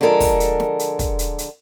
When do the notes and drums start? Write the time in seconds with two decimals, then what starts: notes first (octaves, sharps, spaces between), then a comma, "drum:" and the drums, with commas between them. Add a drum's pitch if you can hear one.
0.01 D3 F3 G#3 A4 A#4
0.20 drum: kick, open hi-hat
0.40 drum: hi-hat
0.60 drum: snare
0.79 drum: hi-hat
0.99 drum: kick, hi-hat
1.19 drum: hi-hat
1.38 drum: hi-hat